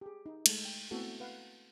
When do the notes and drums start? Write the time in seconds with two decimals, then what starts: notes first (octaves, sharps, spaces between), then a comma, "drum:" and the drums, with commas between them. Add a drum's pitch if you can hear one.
0.01 G4 G#4
0.26 D#4
0.46 G#3 A3 A4, drum: cymbal
0.65 G5
0.91 A3 B3 C4 E4 F#4 A4
1.20 B4 F5 F#5